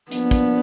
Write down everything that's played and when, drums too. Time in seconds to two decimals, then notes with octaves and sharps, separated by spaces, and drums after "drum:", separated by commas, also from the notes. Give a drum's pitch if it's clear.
0.11 F3 A#3 B3 D4, drum: hi-hat
0.31 drum: kick, hi-hat